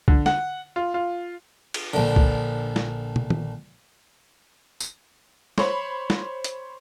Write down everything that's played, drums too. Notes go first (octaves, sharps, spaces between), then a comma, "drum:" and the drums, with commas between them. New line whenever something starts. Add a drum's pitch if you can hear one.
D3, drum: kick C2
F#5, drum: snare
F4
F4
drum: cymbal
A#1 D3
drum: kick C2
drum: snare
drum: tom
drum: tom D#3
drum: tambourine
C5 C#5 B5, drum: snare
drum: snare
drum: hi-hat